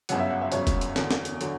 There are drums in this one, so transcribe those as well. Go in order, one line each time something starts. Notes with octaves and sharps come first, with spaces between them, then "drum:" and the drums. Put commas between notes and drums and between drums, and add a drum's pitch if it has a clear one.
G1 F#2 C#3 F#3 F#5, drum: hi-hat
E5
F#5
E5
G1 F#2 C#3 F#3 C#5, drum: hi-hat
drum: kick F1, hi-hat
drum: hi-hat
E2 D3 F#3, drum: snare
drum: snare
drum: hi-hat
D3 F#3, drum: hi-hat